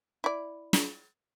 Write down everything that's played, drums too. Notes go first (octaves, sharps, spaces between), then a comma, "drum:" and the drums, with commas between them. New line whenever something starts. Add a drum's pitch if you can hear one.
E4 D5
drum: snare